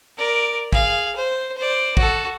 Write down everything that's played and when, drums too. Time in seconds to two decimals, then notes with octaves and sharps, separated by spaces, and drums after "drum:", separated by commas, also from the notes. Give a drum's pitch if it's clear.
0.17 A#4 D5
0.73 G#4 F5, drum: kick
1.16 C5
1.57 C5 D5
1.97 F#4 A4, drum: kick